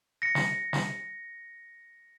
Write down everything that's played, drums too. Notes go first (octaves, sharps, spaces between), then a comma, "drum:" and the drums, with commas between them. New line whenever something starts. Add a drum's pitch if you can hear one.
A#6 C#7
drum: snare
drum: snare